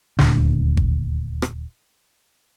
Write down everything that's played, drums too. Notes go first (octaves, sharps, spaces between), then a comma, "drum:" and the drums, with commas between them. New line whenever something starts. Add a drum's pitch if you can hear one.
D#1 D2 A#2 D4, drum: snare
drum: kick G#1
drum: rim click